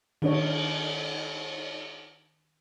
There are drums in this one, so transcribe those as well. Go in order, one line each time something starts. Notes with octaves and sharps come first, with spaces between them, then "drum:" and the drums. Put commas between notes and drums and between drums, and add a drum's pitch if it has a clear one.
D#3 D4 C#5, drum: cymbal